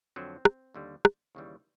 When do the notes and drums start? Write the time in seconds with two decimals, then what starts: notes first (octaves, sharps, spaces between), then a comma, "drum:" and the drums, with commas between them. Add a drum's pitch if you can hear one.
0.16 F2 D3 F#3 C4
0.45 drum: rim click
0.74 D#2 D3 G3
1.05 drum: rim click
1.35 D#2 C#3 E3 G3